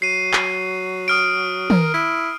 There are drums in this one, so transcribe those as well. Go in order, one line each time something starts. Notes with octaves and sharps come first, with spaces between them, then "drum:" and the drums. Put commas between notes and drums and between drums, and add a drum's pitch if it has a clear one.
F#3 C7 D#7
drum: clap
D#6 F6 D7
A#4, drum: tom
E4